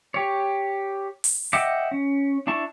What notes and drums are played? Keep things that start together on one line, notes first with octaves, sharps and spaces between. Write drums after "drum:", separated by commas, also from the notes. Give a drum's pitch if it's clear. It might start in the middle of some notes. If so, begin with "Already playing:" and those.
G4 C#5
drum: open hi-hat
D#5 E5 F#5 G5 D6
C#4
D4 E4 A5 C#6